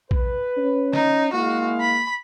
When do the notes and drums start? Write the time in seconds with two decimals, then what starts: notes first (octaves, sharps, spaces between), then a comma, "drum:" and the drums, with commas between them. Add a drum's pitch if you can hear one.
0.11 B4, drum: kick
0.57 C#4
0.93 D#4, drum: snare
1.33 G#3 A#3 E4 F#4 F5
1.80 B5